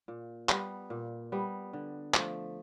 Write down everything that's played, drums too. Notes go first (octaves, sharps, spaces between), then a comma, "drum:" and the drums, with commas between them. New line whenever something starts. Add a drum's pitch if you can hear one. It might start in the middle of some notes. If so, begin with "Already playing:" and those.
A#2
G3 B3, drum: clap
A#2
G3 B3
D3
F3 A3, drum: clap